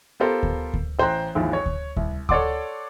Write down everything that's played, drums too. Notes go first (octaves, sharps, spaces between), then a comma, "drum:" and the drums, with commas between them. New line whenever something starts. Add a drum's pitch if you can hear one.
B3 F4 G4 A4 A#4 C5
drum: kick D2
drum: kick D2
A1 C5 G5 A#5 C6 F#6
G#1 D#2 E3 F3
C#5
drum: kick D2
C2, drum: kick D2
A4 C#5 D5 F#5 C6 D6, drum: kick D2